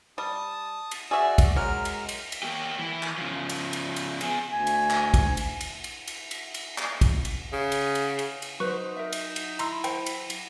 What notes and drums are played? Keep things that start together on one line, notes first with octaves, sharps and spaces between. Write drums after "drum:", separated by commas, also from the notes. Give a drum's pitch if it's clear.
G3 A5 D#6
drum: cymbal
F#4 G#4 D5 E5
drum: kick, cymbal
F#3 G#3 A#4 F6
drum: cymbal
drum: cymbal
drum: cymbal
A#3 G4
E3
drum: clap
C#3 F3
drum: cymbal
drum: cymbal
drum: cymbal
B3 G#4, drum: cymbal
D2 G#5
drum: cymbal
drum: clap
drum: kick, cymbal
drum: cymbal
drum: cymbal
drum: cymbal
drum: cymbal
drum: cymbal
drum: cymbal
drum: clap
drum: kick, cymbal
drum: cymbal
C#3
drum: cymbal
drum: cymbal
drum: cymbal
drum: cymbal
F#3 D#4 B4 C5 C#6
A#4 E5
drum: cymbal
drum: cymbal
E4 A#5 C6 E6, drum: cymbal
C5 G5 A5, drum: cymbal
drum: cymbal
drum: cymbal